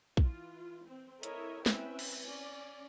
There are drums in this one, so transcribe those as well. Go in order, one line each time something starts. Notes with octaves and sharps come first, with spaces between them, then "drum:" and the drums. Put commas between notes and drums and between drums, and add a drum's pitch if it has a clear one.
E3 F4, drum: kick A#1
C4
E4 A4 A#4 C#5 D#5 E5, drum: hi-hat
C4 C#4 E4 B4 E5 G5, drum: snare
drum: cymbal
C#4 D5